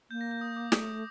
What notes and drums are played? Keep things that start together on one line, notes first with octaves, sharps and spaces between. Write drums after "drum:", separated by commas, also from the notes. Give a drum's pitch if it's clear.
A#3 G6
A#6
G6
D#6
D6
A3 D#6, drum: snare